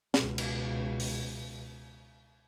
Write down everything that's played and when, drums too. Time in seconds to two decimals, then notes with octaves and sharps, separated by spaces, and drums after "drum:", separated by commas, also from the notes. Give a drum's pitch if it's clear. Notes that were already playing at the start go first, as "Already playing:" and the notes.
0.14 C#2 B2, drum: snare
0.38 drum: cymbal
1.00 drum: open hi-hat